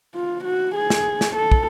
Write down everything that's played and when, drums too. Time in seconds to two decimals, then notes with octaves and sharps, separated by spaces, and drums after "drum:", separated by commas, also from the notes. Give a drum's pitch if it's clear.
0.15 F4
0.45 F#4
0.75 G#4
0.90 drum: snare
1.21 drum: snare
1.36 A4
1.52 drum: kick